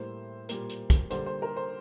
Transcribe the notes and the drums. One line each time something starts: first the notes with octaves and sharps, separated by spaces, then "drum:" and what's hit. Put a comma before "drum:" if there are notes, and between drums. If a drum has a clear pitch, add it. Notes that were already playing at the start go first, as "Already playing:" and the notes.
Already playing: A2 G3 A#3 C5
A#2 G3 A#3, drum: hi-hat
drum: hi-hat
drum: kick, hi-hat
D3 G3 A#3 C5, drum: hi-hat
C5
A#4
C5